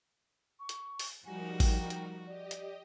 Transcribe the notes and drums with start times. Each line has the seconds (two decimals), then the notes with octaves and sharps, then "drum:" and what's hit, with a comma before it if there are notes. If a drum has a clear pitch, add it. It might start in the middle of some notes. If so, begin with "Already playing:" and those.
0.60 C#6
0.69 drum: hi-hat
0.99 drum: open hi-hat
1.26 F3 G3 D#4 F#4 A#4 G#5
1.60 G5, drum: kick A1, open hi-hat
1.90 drum: hi-hat
2.26 G4 D5 D#5
2.51 drum: hi-hat